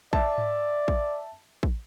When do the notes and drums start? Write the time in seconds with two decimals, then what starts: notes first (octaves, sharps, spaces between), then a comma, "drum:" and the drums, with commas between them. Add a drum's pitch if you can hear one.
0.13 D5 E5 A5, drum: kick
0.38 drum: tom G#2
0.88 drum: kick
1.63 drum: kick